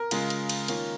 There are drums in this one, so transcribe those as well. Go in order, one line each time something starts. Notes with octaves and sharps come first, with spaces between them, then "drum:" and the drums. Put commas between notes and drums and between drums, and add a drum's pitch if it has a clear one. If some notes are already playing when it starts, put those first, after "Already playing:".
Already playing: A#4
C#3 G#3 F4, drum: cymbal
drum: cymbal
drum: cymbal
D#3 A#3 C#4 F4, drum: cymbal